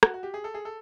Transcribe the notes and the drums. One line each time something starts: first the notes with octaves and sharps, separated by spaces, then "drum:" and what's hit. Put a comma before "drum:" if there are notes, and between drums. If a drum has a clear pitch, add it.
F#4, drum: rim click
F#4
G4
G#4
A4
G#4
A4